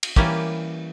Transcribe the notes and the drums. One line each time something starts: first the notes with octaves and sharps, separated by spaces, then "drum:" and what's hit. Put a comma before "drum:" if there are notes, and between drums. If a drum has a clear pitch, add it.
drum: cymbal
E3 G3 A#3 C#4 G4, drum: kick